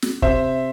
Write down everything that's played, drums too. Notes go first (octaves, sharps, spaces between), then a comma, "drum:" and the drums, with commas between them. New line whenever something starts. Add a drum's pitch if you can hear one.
drum: snare
C3 C5 E5, drum: kick